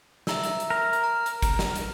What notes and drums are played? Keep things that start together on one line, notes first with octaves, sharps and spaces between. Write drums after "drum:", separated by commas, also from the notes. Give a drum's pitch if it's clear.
E5 A#5 E6, drum: snare
drum: hi-hat
drum: hi-hat
A#4
drum: hi-hat
A#5
drum: hi-hat
drum: kick G#1, hi-hat
drum: snare
drum: hi-hat